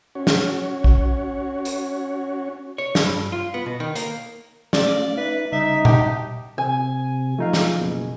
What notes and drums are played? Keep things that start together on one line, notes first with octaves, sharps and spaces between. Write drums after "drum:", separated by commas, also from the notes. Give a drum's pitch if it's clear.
C#4 F#4 C#5
drum: snare
drum: kick A#1
drum: hi-hat
C#5
G3, drum: snare
G2
F4
B3
B2
D#3
A#3, drum: hi-hat
A3 C#4 D5 F5, drum: snare
D#4 B4 E5
C#3 G3 D#4 E5
G4 E5 F#5 A5, drum: tom A#2
C3 G#5
F3 A3 D#4 F5
drum: snare
F#1 B2